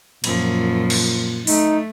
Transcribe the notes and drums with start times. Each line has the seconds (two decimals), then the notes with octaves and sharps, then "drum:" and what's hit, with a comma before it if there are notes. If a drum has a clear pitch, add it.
0.24 F#2 A#2 F3, drum: cymbal
0.90 drum: cymbal
1.47 A3 D#4, drum: open hi-hat